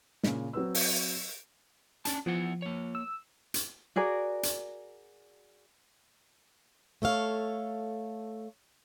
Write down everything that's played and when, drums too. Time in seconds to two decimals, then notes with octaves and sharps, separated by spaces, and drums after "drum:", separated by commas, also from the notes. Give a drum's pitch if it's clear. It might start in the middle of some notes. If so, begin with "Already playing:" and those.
0.23 A#2 C#3, drum: snare
0.53 F#3 C4 B4 E6
0.75 drum: open hi-hat
2.05 C#4 D4 A5, drum: hi-hat
2.26 F3 B3 E4 F#5
2.62 A#3 C#5
2.95 E6
3.54 drum: hi-hat
3.96 F#4 G#4 A#4 D5
4.43 drum: hi-hat
7.02 A3 A4 C#5 F5